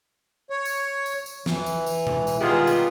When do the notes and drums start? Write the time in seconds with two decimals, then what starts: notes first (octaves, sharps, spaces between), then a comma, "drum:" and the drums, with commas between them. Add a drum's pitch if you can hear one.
0.50 C#5
0.65 drum: tambourine
1.06 drum: tambourine
1.26 drum: tambourine
1.46 E3, drum: snare
1.66 drum: tambourine
1.86 drum: tambourine
2.07 drum: tom B2
2.27 drum: tambourine
2.41 D#3 G3 G#3 B3 F4 G#4
2.67 drum: tambourine